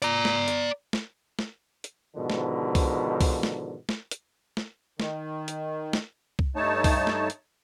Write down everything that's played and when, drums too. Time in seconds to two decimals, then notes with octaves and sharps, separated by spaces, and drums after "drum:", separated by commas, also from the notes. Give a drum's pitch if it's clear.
0.02 D5 A#5, drum: hi-hat
0.25 drum: snare
0.48 drum: hi-hat
0.93 drum: snare
1.39 drum: snare
1.84 drum: hi-hat
2.16 G#2 B2 D3 D#3 F3
2.30 drum: snare
2.75 drum: kick C2, open hi-hat
3.21 drum: kick C2, open hi-hat
3.43 drum: snare
3.89 drum: snare
4.11 drum: hi-hat
4.57 drum: snare
5.00 D#3, drum: snare
5.48 drum: hi-hat
5.93 drum: snare
6.39 drum: kick C2
6.56 G2 A3 D#4 C#5 A5
6.84 drum: kick C2, open hi-hat
7.07 drum: snare
7.30 drum: hi-hat